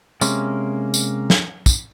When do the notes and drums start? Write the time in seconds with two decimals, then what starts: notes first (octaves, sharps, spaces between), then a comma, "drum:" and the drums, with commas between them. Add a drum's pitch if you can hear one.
0.21 C3 G#3 A#3 C#4, drum: tambourine
0.94 drum: tambourine
1.30 drum: snare
1.66 drum: kick, tambourine